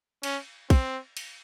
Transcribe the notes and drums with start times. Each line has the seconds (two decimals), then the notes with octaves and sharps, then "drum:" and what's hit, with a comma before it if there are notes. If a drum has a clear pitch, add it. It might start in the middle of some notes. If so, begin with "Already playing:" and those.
0.23 C#4, drum: cymbal
0.70 C4, drum: kick, cymbal
1.17 drum: cymbal